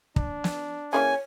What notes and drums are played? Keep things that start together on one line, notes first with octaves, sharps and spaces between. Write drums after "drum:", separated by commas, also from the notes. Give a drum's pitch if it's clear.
D4, drum: kick
drum: snare
C#3 E3 A#3 C#5 G#5